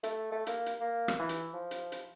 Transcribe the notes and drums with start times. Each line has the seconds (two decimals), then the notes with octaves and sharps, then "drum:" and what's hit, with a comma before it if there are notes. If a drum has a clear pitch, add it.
0.03 A3, drum: hi-hat
0.32 A3
0.47 A#3, drum: hi-hat
0.66 drum: hi-hat
0.81 A#3
1.08 drum: rim click
1.19 E3
1.29 drum: hi-hat
1.54 F3
1.71 drum: hi-hat
1.92 drum: hi-hat